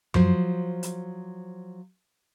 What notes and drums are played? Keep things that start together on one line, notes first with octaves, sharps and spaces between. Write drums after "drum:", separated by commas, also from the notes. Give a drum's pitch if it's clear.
F3 F#3 C5, drum: tom F#2
drum: hi-hat